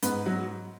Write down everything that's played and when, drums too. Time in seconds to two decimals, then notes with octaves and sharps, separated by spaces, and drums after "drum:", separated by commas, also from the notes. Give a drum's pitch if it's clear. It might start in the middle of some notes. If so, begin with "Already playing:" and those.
0.03 G#2 B3 B4, drum: hi-hat
0.26 F#3 F#4